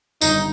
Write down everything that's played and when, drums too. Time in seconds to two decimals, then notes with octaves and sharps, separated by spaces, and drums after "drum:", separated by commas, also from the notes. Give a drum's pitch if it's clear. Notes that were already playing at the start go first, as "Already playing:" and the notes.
0.21 G1 G2 D#3 D#4, drum: tambourine